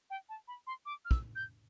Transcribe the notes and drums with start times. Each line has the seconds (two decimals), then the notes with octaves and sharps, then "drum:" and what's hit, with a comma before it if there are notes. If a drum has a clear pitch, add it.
0.10 G5
0.29 A5
0.48 B5
0.67 C6
0.86 D6
1.05 F6
1.11 E6, drum: kick
1.36 G6